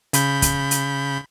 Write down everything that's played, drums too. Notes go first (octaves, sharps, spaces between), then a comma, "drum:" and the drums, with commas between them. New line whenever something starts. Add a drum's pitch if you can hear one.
C#3 B5 G6, drum: hi-hat
drum: kick, hi-hat
drum: hi-hat